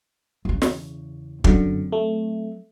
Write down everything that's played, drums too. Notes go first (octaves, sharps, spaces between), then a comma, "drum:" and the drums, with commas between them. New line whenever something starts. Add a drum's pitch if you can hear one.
E2 C#3
drum: snare
F#2 D3 F#3 C4, drum: kick
A3